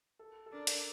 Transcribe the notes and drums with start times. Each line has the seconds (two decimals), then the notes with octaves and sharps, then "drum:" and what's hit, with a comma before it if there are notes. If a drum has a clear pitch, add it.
0.19 A4
0.46 A4
0.53 D4 A#4
0.67 drum: hi-hat